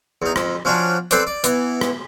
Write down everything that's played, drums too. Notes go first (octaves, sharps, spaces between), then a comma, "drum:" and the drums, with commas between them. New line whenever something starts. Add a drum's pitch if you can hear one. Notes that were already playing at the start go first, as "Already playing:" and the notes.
E2 D#4
F2, drum: rim click
F3 C#4 D4 F#4
C4 A4 B4 C5 D5, drum: hi-hat
D5
E3 B3, drum: hi-hat
drum: rim click